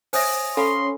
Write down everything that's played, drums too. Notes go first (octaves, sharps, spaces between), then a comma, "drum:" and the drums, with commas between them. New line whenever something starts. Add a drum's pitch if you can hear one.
C5 C#5 E5 G#5 D#6 A#6, drum: open hi-hat
C#4 A4 F5 B5 C6